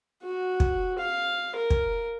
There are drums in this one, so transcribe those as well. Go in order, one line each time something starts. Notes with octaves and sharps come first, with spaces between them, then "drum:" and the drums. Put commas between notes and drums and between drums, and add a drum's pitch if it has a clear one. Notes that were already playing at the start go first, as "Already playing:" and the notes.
F#4
drum: kick
F5
A#4
drum: kick